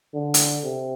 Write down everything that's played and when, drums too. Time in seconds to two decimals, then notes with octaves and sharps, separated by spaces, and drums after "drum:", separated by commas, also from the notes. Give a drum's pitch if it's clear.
0.14 D3
0.34 drum: hi-hat
0.64 C3